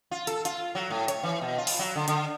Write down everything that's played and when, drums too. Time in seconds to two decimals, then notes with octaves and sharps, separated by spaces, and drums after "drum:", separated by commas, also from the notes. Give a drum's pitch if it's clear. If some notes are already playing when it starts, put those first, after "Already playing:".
0.11 F4
0.27 A4, drum: hi-hat
0.45 F4, drum: hi-hat
0.75 F#3
0.90 A2
1.08 C#5, drum: hi-hat
1.23 E3
1.41 B2
1.58 F4
1.67 drum: open hi-hat
1.79 F#3
1.95 D3
2.08 D3, drum: hi-hat